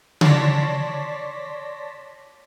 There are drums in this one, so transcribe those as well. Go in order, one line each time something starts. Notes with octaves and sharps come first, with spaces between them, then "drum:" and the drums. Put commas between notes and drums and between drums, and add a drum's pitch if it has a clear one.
C#5 D5 A5 C6 A#6 B6, drum: tom C#3